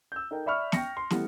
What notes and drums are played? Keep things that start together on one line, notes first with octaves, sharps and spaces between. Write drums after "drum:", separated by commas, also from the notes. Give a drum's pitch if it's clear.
E6 G6
D#4 A4 A#4 G5
D5 E5 B5 C#6 F6
G5 C#6 A#6 C#7, drum: snare
C6
E3 G3 A3 B3, drum: snare